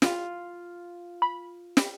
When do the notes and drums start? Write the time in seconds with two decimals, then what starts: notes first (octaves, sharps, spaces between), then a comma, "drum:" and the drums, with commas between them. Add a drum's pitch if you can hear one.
0.02 F4 F5, drum: snare
1.22 B5
1.77 drum: snare